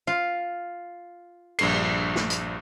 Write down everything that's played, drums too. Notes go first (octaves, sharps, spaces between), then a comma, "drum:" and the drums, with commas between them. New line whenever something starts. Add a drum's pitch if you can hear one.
F4
A#1 G2 C7, drum: cymbal
drum: snare
drum: hi-hat